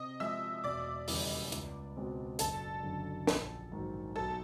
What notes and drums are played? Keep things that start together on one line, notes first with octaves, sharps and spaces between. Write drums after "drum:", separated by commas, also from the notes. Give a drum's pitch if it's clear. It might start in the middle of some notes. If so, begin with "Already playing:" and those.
Already playing: C3 D#5
F3 G#3 E5 E6
E1 D5 D6
D#2 C#3 E3 G3, drum: open hi-hat
C#2, drum: hi-hat
B2 G#3 C4
F#1 A4 A5, drum: hi-hat
F#2 D3
A#1, drum: snare
G#2 D#3 F#3
B1 A4 A5